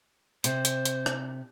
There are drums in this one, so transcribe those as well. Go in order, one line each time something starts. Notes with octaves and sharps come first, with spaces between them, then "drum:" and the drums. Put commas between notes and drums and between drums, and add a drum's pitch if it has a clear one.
C3 C5, drum: hi-hat
drum: hi-hat
drum: hi-hat
drum: rim click